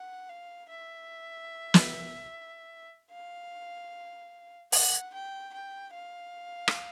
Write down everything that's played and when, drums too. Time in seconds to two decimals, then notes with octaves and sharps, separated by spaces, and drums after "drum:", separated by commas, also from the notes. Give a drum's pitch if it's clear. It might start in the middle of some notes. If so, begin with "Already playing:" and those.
Already playing: F#5
0.29 F5
0.70 E5
1.74 drum: snare
3.11 F5
4.72 F#5, drum: open hi-hat
5.14 G5
5.53 G5
5.94 F5
6.68 drum: rim click